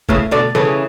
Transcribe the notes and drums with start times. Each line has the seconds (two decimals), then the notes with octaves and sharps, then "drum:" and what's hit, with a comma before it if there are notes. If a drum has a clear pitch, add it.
0.09 C#3 E3 A3, drum: kick
0.31 B2 D3 D5
0.55 C#3 E3 A4, drum: snare